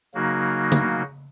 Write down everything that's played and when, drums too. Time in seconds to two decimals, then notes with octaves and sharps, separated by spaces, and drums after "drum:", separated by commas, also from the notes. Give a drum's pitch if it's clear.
0.14 C#3 F#3 A#3 D#4 F#4
0.72 drum: tom C#3